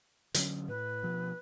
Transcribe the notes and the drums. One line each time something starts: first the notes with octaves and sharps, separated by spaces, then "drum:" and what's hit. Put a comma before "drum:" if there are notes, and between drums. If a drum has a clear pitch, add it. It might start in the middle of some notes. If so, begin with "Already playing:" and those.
D3 F#3 C#4, drum: hi-hat
A2 B4
B2 F3